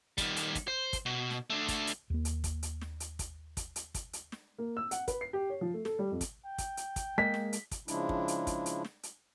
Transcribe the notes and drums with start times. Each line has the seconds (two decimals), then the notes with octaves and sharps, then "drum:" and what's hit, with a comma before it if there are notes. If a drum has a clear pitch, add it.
0.18 D#3 G3, drum: kick, hi-hat
0.36 drum: hi-hat
0.55 drum: kick, hi-hat
0.68 C5
0.93 drum: kick, hi-hat
1.06 B2
1.31 drum: snare
1.50 A3 D4
1.68 drum: kick, hi-hat
1.87 drum: hi-hat
2.10 D#2 A#3
2.25 drum: hi-hat
2.44 drum: kick, hi-hat
2.63 drum: hi-hat
2.81 drum: snare
3.00 drum: hi-hat
3.19 drum: kick, hi-hat
3.57 drum: kick, hi-hat
3.76 drum: hi-hat
3.95 drum: kick, hi-hat
4.13 drum: hi-hat
4.32 drum: snare
4.58 A#3
4.77 E6
4.91 F#5, drum: hi-hat
5.08 B4, drum: kick, hi-hat
5.21 C7
5.33 G4
5.50 C#5
5.61 F3
5.74 A3
5.85 A4, drum: snare
5.99 G3
6.11 F2
6.21 drum: kick, hi-hat
6.46 G5
6.58 drum: kick, hi-hat
6.77 drum: hi-hat
6.96 drum: kick, hi-hat
7.18 G#3 A#3 B6
7.34 drum: snare
7.53 drum: hi-hat
7.71 drum: kick, hi-hat
7.88 C#3 F3 G#3 D4 E4, drum: hi-hat
8.09 drum: kick
8.28 drum: hi-hat
8.47 drum: kick, hi-hat
8.66 drum: hi-hat
8.85 drum: snare
9.03 drum: hi-hat